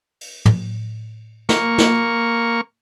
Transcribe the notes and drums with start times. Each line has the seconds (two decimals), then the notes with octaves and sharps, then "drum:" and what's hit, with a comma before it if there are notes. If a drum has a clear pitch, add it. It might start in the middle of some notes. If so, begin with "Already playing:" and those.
0.21 drum: open hi-hat
0.45 drum: tom
1.49 A#3 C#6, drum: snare
1.78 drum: snare